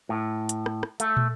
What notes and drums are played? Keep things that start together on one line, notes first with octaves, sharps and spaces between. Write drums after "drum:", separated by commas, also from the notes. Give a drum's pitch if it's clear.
A2
drum: hi-hat
drum: rim click
drum: rim click
A3, drum: hi-hat
drum: tom